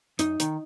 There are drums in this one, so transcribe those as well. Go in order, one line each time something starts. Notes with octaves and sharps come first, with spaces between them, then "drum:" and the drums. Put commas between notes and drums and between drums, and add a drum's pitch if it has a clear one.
F#2 D#4, drum: hi-hat
D#3, drum: hi-hat